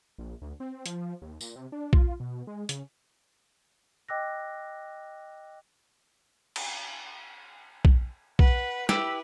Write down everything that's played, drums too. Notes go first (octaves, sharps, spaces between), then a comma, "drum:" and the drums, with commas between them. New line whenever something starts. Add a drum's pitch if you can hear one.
A#1
D2
C4
F3, drum: hi-hat
D#2
A#2, drum: tambourine
C3
D4
F4, drum: kick
B2
G#3
C#3, drum: hi-hat
D#5 G5 D6 E6 F#6 A#6
drum: cymbal
drum: kick
B4 F#5, drum: kick
E4 G4 B4 E6, drum: snare